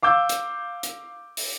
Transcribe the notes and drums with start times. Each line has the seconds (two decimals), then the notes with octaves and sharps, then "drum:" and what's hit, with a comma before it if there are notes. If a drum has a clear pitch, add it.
0.02 F5 D6 E6 G6
0.29 drum: hi-hat
0.83 drum: hi-hat
1.37 drum: open hi-hat